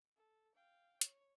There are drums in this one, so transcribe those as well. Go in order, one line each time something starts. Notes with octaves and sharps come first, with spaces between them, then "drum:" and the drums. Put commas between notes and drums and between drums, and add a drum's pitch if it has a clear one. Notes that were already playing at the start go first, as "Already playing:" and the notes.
A4
F5 G5
C#5, drum: hi-hat